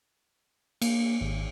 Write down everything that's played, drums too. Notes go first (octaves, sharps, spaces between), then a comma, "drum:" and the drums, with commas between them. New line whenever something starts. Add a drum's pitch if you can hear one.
A#3, drum: cymbal
G#1